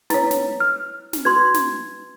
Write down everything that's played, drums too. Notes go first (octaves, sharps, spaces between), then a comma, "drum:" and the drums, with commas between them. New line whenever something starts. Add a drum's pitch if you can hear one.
E4 B4 C#5, drum: snare
drum: snare
F6
drum: snare
F#4 B4 C6 G#6
drum: snare